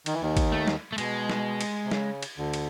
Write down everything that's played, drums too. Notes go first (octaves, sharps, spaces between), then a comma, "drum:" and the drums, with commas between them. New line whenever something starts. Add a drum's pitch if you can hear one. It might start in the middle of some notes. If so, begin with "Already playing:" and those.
D#3, drum: cymbal
E3
D#2 D#3
drum: kick, cymbal
A3
drum: snare
A3
B2 G#3, drum: cymbal
drum: snare
drum: cymbal
C3
C#3, drum: snare
drum: cymbal
D2 D3
drum: cymbal